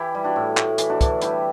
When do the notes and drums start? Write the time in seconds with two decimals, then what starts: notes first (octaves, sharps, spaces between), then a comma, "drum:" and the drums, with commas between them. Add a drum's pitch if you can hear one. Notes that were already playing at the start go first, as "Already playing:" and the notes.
Already playing: E3 E4 G4
0.15 G3
0.24 D4 F#4
0.36 A2
0.57 A2, drum: clap
0.78 E3, drum: hi-hat
0.90 D4 F#4
1.01 E3, drum: kick, hi-hat
1.21 G3 E4 G4, drum: hi-hat